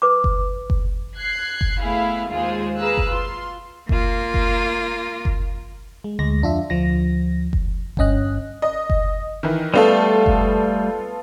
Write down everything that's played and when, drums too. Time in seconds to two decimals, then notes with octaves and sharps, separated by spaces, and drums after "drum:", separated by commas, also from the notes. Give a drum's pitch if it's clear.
0.02 B4 D6
0.24 drum: kick F#1
0.70 drum: kick F#1
1.17 F#6 G#6 C7
1.61 drum: kick F#1
1.82 A3 B3 E4 G#4 F5
2.29 D#2 G#3 F4 G#4 C5
2.80 G#4 B4 F5 A#5 E6 F#6
2.97 drum: kick F#1
3.11 F4 C6
3.89 A#3 F4, drum: kick F#1
4.34 drum: kick F#1
5.25 drum: kick F#1
6.04 G#3
6.19 D2 G#3 A#6
6.42 F2 D4 F4 E5
6.70 D2 F3 A#6
7.53 drum: kick F#1
7.97 G1 G2 C#4 D#5 F#6, drum: kick F#1
8.62 D#5
8.90 drum: kick F#1
9.43 D#3 E3
9.74 G3 A3 B3 F4 A4
10.26 drum: kick F#1